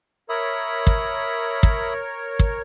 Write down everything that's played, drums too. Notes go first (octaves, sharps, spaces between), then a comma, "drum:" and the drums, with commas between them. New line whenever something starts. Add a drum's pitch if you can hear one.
A#4 C#5 E5 B5 D#6
drum: kick
drum: kick
drum: kick